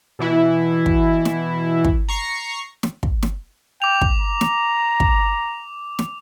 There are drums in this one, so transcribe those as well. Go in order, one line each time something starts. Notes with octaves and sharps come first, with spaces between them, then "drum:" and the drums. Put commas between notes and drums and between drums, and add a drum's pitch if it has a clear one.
B2 E3 E4
drum: kick
drum: snare
drum: kick
A#5 C#6 C7
drum: snare
drum: kick
drum: snare
G5 D6 F7
drum: kick
A#5
drum: snare
drum: kick
drum: snare